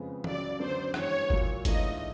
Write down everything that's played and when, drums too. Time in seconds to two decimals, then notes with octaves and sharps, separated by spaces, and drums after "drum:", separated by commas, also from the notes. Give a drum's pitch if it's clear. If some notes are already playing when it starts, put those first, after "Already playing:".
Already playing: F2 C#3 F3 G#3 B3
0.24 C#2 C#3 F#3 D5, drum: tom
0.59 F#2 D3 F#3 B3 C5
0.94 G2 E3 G#3 B3 C#5, drum: rim click
1.30 A#2 F#3 A#3, drum: kick G1
1.65 G#2 E3 A3 D4 F4 D#5, drum: kick G1, hi-hat